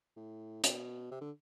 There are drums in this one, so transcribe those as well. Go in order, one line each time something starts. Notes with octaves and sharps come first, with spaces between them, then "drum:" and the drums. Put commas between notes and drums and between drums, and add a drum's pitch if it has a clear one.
A2
B2, drum: hi-hat
C3
D3